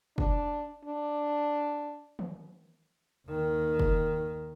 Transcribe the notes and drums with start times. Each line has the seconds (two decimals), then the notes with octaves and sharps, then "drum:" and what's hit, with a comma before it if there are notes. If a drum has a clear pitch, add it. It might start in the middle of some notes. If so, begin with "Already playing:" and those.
0.18 D4, drum: kick
0.85 D4
2.19 drum: tom D#3
3.28 D#2 D#3
3.79 drum: kick